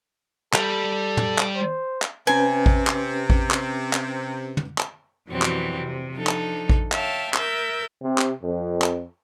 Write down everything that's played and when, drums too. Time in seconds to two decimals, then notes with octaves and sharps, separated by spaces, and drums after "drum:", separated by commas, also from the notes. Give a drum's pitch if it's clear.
0.54 G3 A4, drum: clap
1.17 drum: tom
1.39 drum: clap
1.56 C5
2.02 drum: clap
2.27 C3 C#4 B4 G#5
2.66 drum: kick A1
2.87 drum: clap
3.30 drum: kick A1
3.51 drum: clap
3.93 drum: clap
4.57 drum: tom
4.78 drum: clap
5.28 F2 B2 E3 F#3 G3 C4
5.42 drum: clap
5.79 C3
6.13 F3 D4 D#4 A4
6.27 drum: clap
6.69 drum: kick A1
6.92 C#5 E5 F5 G5 A5, drum: clap
7.34 A#4 E5 E6 G6 A6, drum: clap
8.03 C3
8.18 drum: clap
8.42 F2
8.82 drum: clap